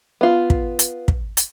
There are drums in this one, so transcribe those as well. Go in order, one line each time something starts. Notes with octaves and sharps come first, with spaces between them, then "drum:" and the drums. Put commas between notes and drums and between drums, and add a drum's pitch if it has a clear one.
B3 F4
drum: kick
drum: hi-hat
drum: kick
drum: hi-hat